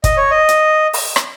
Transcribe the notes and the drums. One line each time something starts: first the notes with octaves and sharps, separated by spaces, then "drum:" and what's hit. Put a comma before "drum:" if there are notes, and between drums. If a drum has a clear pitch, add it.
D#5, drum: kick, hi-hat
C#5
D#5
drum: hi-hat
drum: open hi-hat
drum: rim click